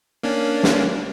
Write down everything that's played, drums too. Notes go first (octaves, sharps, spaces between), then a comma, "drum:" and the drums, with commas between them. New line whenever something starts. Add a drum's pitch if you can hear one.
A#3 C#4 D4
drum: snare